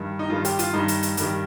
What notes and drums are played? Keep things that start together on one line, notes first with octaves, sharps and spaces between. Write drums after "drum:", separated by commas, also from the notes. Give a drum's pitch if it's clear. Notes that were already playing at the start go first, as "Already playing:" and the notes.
Already playing: G2 D#3 G3
D#4
G2 D#3 G3 F4
G4, drum: hi-hat
F4, drum: hi-hat
G2 D#3 G3 D#4
drum: hi-hat
drum: hi-hat
G2 D#3 G3, drum: hi-hat